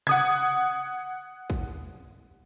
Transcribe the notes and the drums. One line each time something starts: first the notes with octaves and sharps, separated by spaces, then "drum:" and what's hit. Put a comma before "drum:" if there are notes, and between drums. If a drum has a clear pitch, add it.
F#5 D#6 G#6, drum: tom C3
drum: kick